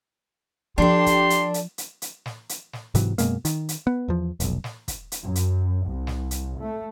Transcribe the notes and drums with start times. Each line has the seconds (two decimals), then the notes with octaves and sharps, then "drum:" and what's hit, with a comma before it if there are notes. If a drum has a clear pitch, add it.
0.78 F3 D4 G4 A4 C6
1.06 drum: kick, hi-hat
1.30 drum: hi-hat
1.54 drum: hi-hat
1.78 drum: hi-hat
2.02 drum: hi-hat
2.26 drum: snare
2.49 drum: hi-hat
2.73 drum: snare
2.95 G#2 C3 E3 F#3, drum: kick, hi-hat
3.18 F#2 B2 G#3 A#3, drum: hi-hat
3.45 D#3, drum: hi-hat
3.69 drum: hi-hat
3.87 B3
4.08 E2 F3
4.40 F1 B1, drum: hi-hat
4.64 drum: snare
4.88 drum: kick, hi-hat
5.12 drum: hi-hat
5.22 F#2
5.35 drum: hi-hat
5.86 C2
6.07 drum: snare
6.31 drum: hi-hat
6.59 A3